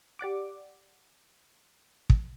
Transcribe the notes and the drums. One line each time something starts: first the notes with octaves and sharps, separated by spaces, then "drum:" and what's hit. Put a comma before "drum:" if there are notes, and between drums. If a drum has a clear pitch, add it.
G4 D5 F#5 D6
drum: kick